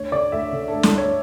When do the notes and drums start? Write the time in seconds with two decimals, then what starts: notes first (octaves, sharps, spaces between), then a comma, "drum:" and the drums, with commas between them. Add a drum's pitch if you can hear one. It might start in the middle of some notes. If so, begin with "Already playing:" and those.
Already playing: D2 C#5
0.12 D3 D5
0.32 D2 E5
0.53 D3
0.68 D2 A4
0.83 A4, drum: snare
0.93 D2 C#5